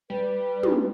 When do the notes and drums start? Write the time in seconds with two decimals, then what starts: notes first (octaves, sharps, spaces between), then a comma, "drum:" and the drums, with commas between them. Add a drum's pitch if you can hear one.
0.10 G3 B4
0.63 drum: tom